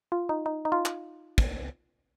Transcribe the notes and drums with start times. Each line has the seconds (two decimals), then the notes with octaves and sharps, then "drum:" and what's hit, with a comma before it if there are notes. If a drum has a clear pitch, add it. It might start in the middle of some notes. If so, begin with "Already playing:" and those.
0.12 F4
0.29 D#4
0.46 D#4
0.65 D#4
0.72 F4
0.85 drum: clap
1.38 drum: kick